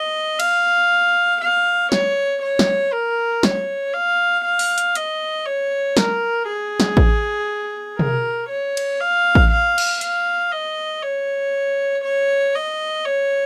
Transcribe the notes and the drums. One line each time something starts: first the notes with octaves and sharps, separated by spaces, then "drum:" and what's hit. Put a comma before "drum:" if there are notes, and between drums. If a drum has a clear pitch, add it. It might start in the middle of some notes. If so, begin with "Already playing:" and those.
Already playing: D#5
F5, drum: cymbal
F5
C#5, drum: snare
C#5
drum: snare
A#4
C#5, drum: snare
F5
F5
drum: open hi-hat
drum: hi-hat
D#5, drum: hi-hat
C#5
A#4, drum: snare
G#4
drum: snare
drum: kick A1
A#4, drum: tom
C#5
drum: cymbal
F5
drum: kick A1
F5
drum: cymbal
F5, drum: hi-hat
D#5
C#5
C#5
D#5
C#5